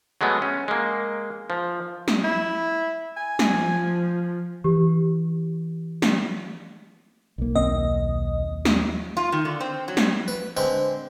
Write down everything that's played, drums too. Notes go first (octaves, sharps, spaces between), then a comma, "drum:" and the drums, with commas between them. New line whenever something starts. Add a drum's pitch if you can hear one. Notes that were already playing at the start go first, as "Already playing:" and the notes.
F#3 G#3 A3 B3
C#4
G#3 A#3
F3
drum: snare
E4
G#5
drum: snare
F3
E3 G4
drum: snare
B1 A#3
D#2 C4 D#5
drum: snare
F4
D#3
D3
C4
F#3
drum: snare
B4
D3 G#3 C4 B4